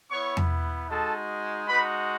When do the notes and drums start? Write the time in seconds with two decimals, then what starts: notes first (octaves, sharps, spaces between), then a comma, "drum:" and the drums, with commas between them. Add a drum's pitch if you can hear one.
0.10 B3 E4 C#5 C#6
0.37 drum: tom E2
0.89 G#3 D#4 F#4 A4 A5
1.68 G#3 D#4 F#4 B4 B5